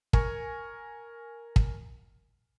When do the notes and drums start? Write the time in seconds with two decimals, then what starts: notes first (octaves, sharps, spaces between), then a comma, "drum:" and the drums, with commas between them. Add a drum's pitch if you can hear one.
0.13 A#4 G#5 C#6, drum: kick
1.56 drum: kick